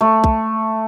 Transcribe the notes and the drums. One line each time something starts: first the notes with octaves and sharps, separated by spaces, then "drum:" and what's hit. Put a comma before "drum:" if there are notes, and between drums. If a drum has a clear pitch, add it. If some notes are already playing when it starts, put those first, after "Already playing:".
A3
drum: kick